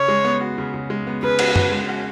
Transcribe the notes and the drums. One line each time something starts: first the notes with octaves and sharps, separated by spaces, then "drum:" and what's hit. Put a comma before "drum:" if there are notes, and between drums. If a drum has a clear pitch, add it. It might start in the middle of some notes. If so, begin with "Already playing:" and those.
Already playing: C#3 C#5
G#3
B3
F#4
C#3
C#3
G#3
B3
C#3 B4
F#4, drum: cymbal
F#4, drum: tom
G#3
F#4